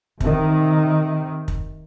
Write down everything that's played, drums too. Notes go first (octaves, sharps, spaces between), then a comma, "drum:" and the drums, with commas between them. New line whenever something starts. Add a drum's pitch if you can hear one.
C3 D#3, drum: kick
drum: kick